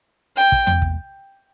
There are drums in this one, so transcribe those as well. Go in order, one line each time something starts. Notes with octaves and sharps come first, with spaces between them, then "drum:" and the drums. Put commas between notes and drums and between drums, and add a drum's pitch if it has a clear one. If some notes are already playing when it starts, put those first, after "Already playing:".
G5
drum: kick
drum: tom E2
drum: kick